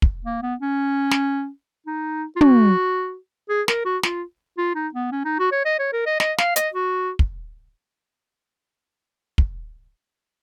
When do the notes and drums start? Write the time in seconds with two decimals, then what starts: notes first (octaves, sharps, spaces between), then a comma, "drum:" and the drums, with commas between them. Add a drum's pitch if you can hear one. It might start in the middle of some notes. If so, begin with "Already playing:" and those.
0.02 drum: kick
0.25 A#3
0.42 B3
0.60 C#4
1.11 drum: snare
1.86 D#4
2.36 F4
2.41 F#4, drum: tom
3.49 G#4
3.68 A#4, drum: snare
3.85 F#4
4.03 F4, drum: snare
4.58 F4
4.75 D#4
4.94 B3
5.12 C#4
5.25 D#4
5.39 F#4
5.52 C#5
5.65 D#5
5.79 C#5
5.93 A#4
6.06 D#5
6.20 D#5, drum: snare
6.38 F5, drum: snare
6.56 D#5, drum: hi-hat
6.73 F#4
7.19 drum: kick
9.38 drum: kick